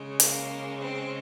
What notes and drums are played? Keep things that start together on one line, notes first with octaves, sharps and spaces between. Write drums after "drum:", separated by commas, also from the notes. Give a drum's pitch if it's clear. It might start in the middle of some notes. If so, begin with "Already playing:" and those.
Already playing: C#3 G#3
A#3, drum: hi-hat
C4